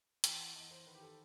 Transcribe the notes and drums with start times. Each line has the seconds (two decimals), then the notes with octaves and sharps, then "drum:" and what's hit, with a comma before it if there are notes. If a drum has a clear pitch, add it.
0.24 E2 G5, drum: hi-hat
0.39 F#5
0.55 E2 D#5
0.71 C5
0.86 D#3 B4
0.95 G4
1.02 A4